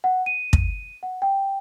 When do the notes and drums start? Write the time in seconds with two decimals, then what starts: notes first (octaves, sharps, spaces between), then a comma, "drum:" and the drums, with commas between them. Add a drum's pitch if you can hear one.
0.04 F#5
0.26 D#7
0.53 drum: kick
1.03 F#5
1.22 G5